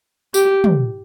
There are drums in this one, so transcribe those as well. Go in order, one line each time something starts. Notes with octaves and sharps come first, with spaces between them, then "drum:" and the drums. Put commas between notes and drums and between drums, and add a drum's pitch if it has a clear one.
G4, drum: tambourine
drum: tom